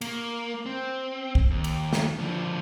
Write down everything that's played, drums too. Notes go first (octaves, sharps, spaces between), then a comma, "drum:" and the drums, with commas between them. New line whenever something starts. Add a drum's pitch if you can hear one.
A#3, drum: cymbal
C4
drum: kick
D#2
drum: cymbal
drum: snare
D3 F3